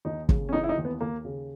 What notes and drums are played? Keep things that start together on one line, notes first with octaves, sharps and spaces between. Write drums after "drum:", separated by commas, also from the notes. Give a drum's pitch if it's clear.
D#2 D#4
C#3, drum: kick
C#4
E3 D#4
E4
D#4
D#2
B3
D#2 A#3
C#3